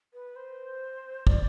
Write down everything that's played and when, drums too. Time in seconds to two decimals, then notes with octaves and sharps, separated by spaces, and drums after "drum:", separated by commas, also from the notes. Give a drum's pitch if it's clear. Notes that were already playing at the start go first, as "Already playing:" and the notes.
0.14 B4
0.36 C5
1.27 D5, drum: kick